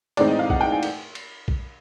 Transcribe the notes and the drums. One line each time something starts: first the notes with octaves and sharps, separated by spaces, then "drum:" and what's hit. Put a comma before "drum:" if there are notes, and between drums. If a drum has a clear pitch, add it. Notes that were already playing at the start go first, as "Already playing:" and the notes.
A2 E3 G#3 C4 D#4 D5, drum: cymbal
D#5
F5
F#5, drum: kick
G5
G#5
drum: cymbal
drum: cymbal
drum: kick